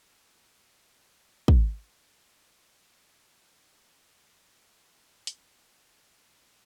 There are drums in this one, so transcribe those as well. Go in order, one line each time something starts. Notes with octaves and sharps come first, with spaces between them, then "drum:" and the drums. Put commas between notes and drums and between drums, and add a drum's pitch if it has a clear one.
E3 G3 G#3
drum: kick
D3 F#3 A#3
A#3 A#4 B4
drum: hi-hat
D6
D#3 C#4